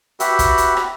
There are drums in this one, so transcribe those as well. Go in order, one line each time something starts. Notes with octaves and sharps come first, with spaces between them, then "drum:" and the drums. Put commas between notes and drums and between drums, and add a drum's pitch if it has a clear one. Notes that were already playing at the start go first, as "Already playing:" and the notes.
F#4 G4 B4 E5, drum: hi-hat
drum: kick, hi-hat
drum: hi-hat
drum: rim click